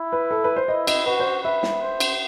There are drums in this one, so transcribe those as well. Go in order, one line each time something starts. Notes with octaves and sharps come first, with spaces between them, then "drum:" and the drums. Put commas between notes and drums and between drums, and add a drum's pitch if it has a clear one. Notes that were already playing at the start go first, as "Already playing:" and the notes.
Already playing: E4
B4
A4
B4
C5
E4 D#5
D#5, drum: cymbal
F#4 B4
C5
B4 E5
drum: snare
C5
drum: cymbal